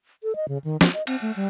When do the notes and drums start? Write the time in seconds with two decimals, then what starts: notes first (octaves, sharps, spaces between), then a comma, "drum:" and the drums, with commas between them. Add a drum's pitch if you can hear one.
0.23 A4
0.36 D#5
0.48 C#3
0.64 D#3
0.81 B3, drum: snare
0.93 D#5
1.07 C4, drum: cymbal
1.22 A3
1.36 G3